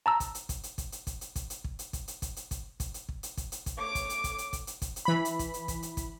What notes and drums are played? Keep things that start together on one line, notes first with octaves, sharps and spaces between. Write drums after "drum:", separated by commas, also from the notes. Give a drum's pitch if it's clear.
A5 A#5 E6
drum: kick, hi-hat
drum: hi-hat
drum: kick, hi-hat
drum: hi-hat
drum: kick, hi-hat
drum: hi-hat
drum: kick, hi-hat
drum: hi-hat
drum: kick, hi-hat
drum: hi-hat
drum: kick
drum: hi-hat
drum: kick, hi-hat
drum: hi-hat
drum: kick, hi-hat
drum: hi-hat
drum: kick, hi-hat
drum: kick, hi-hat
drum: hi-hat
drum: kick
drum: hi-hat
drum: kick, hi-hat
drum: hi-hat
drum: kick, hi-hat
A3 C#5 D6 D7
drum: kick, hi-hat
drum: hi-hat
drum: kick, hi-hat
drum: hi-hat
drum: kick, hi-hat
drum: hi-hat
drum: kick, hi-hat
drum: hi-hat
E3 B5
drum: hi-hat
drum: kick, hi-hat
drum: hi-hat
drum: kick, hi-hat
drum: hi-hat
drum: kick, hi-hat